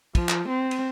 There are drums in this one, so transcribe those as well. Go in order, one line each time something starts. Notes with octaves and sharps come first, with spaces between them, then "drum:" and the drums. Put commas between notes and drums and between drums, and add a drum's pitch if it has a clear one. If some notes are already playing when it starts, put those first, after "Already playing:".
F3, drum: kick, cymbal
drum: clap
C4
drum: cymbal